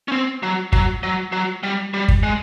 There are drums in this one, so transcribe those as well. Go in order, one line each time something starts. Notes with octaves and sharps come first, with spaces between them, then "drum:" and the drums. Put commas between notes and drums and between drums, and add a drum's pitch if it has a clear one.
C#4
C4
F#3
F#3, drum: kick
F#3
F#3
G3
G3
drum: kick
G#3